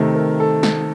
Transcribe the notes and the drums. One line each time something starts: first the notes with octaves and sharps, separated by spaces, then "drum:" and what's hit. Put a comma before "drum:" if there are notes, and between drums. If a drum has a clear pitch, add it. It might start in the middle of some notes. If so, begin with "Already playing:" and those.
Already playing: C3 D#3 A3
A#4
A4
drum: snare